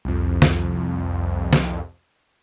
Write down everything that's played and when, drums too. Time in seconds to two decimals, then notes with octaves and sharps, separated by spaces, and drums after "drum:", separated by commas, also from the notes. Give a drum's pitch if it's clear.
0.05 C2 F2
0.42 drum: snare
1.53 drum: snare